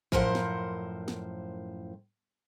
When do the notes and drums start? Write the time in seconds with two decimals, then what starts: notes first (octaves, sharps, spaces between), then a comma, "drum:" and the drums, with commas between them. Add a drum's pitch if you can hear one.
0.12 F#2 A2 F3 A#4 C5 F#5, drum: kick
0.35 drum: snare
1.08 drum: snare